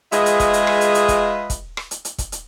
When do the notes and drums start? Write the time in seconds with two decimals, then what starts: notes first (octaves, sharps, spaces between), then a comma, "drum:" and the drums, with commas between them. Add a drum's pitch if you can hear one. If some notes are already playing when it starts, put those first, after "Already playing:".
0.12 G#3 F4 G#4 B4 D#5 E5, drum: hi-hat
0.26 drum: hi-hat
0.40 drum: kick, hi-hat
0.53 drum: hi-hat
0.67 drum: rim click
0.81 drum: hi-hat
0.95 drum: hi-hat
1.08 drum: kick, hi-hat
1.50 drum: kick, hi-hat
1.77 drum: rim click
1.91 drum: hi-hat
2.05 drum: hi-hat
2.18 drum: kick, hi-hat
2.32 drum: hi-hat